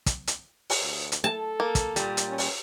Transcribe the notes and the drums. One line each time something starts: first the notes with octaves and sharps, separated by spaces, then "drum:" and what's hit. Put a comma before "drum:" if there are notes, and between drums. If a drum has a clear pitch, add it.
drum: kick, hi-hat
drum: hi-hat
drum: open hi-hat
D2
drum: hi-hat
A4 A5
A#3
drum: kick, hi-hat
A#2 G3, drum: hi-hat
drum: hi-hat
C#4
drum: open hi-hat